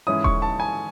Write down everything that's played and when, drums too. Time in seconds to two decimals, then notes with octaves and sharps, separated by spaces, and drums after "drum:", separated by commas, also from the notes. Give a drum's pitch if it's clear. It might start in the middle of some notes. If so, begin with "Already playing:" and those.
0.07 G#2 E3 G#3 C#4 E4 D#6
0.24 C#6, drum: kick D#1
0.42 A5
0.60 G#5